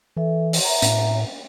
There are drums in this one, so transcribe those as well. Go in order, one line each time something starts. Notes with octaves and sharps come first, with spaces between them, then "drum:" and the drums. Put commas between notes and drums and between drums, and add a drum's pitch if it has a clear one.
E3 A4 E5
drum: open hi-hat
E5 A#5
A2, drum: hi-hat